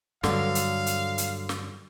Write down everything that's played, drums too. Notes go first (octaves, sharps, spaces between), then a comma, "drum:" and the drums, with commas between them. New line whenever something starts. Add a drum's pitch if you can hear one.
G2 D3 F#3 F5, drum: snare
drum: hi-hat
drum: hi-hat
drum: hi-hat
drum: snare